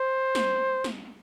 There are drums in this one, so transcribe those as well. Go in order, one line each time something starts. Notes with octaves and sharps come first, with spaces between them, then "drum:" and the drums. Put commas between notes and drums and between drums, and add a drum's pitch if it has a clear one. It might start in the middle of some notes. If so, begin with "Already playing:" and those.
Already playing: C5
drum: snare
drum: snare